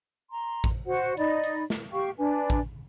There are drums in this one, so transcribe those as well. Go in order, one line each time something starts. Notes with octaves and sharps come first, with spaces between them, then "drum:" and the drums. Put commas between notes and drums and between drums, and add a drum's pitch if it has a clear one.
A#5 C6
drum: kick A1, hi-hat
F#4 C5 F#5
D#4 D5 D#5 B5, drum: hi-hat
drum: hi-hat
drum: snare
G4 F5 G5 C#6
D4 B4 G#5
drum: kick A1, hi-hat